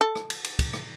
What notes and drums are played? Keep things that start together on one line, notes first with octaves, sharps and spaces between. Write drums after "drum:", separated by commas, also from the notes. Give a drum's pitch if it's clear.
A4
drum: rim click
drum: cymbal
drum: cymbal
drum: kick, cymbal
drum: rim click